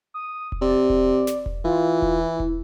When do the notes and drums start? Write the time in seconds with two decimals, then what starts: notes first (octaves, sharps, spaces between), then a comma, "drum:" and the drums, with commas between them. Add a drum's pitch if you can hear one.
0.14 D#6
0.52 drum: kick E1
0.61 C3 D5
0.90 drum: kick E1
1.27 drum: snare
1.46 drum: kick E1
1.65 E3 F4
2.02 drum: kick E1
2.21 E4
2.40 drum: kick E1